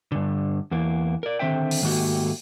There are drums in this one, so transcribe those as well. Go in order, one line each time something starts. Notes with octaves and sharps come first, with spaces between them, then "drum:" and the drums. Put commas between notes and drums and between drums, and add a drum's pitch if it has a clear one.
G2 D3
E2 E3 A#3
A#4 D5
D3 D#3 C4 C5 E5 G5
drum: open hi-hat
G#2 D#3 A3 A#3 F#4 G4